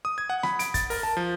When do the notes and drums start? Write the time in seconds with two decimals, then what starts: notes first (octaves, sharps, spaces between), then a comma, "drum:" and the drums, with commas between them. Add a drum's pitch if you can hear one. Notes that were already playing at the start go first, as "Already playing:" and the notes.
0.05 D#6
0.18 G#6
0.30 F#5
0.43 B5, drum: rim click
0.59 D7, drum: hi-hat
0.74 A6, drum: kick, hi-hat
0.90 A#4, drum: open hi-hat
1.03 A5
1.17 F3